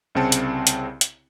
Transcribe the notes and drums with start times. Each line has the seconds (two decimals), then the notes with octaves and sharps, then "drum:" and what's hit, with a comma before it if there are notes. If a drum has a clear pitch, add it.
0.15 C2 C#3 C4 A5 C#7
0.32 drum: hi-hat
0.67 drum: hi-hat
1.01 drum: hi-hat